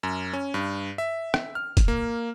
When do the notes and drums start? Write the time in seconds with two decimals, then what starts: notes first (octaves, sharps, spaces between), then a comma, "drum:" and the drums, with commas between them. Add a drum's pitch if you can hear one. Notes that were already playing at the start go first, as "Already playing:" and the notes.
0.03 F#2
0.33 C#4
0.54 G2
0.98 E5
1.34 drum: rim click
1.55 F6
1.77 drum: kick, hi-hat
1.88 A#3